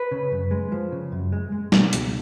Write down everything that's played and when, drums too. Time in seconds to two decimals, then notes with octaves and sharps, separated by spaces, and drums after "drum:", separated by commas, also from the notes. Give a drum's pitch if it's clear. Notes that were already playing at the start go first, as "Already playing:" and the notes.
Already playing: B4
0.11 C#3
0.32 F#2
0.51 G#3
0.72 F3
0.92 C#3
1.12 F#2
1.32 G#3
1.52 G#3
1.72 B2, drum: snare
1.93 C#2, drum: hi-hat